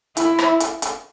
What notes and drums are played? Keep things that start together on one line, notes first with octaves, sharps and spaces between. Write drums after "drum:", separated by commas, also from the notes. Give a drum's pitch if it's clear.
E4, drum: hi-hat
drum: rim click
drum: hi-hat
drum: hi-hat